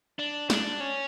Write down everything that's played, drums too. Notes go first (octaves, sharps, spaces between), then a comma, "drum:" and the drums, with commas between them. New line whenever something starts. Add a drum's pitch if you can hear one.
D4
D4, drum: snare
C#4